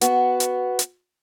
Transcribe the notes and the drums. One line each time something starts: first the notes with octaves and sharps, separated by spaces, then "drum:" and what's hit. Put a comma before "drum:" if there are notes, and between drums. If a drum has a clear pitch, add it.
B3 F#4, drum: hi-hat
drum: hi-hat
drum: hi-hat